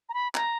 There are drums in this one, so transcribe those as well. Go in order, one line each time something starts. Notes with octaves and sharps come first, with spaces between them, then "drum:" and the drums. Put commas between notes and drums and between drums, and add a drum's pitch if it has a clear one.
A#5
B5
A#5, drum: clap